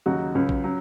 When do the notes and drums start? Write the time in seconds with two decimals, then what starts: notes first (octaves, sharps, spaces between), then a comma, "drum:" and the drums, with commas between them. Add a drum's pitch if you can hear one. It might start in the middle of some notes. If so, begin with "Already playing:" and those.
0.06 D#2 C#3 F#3 D#4 F#4
0.35 C#2 C#3 F#3 C#4
0.49 drum: kick A#1
0.64 F#3 C#4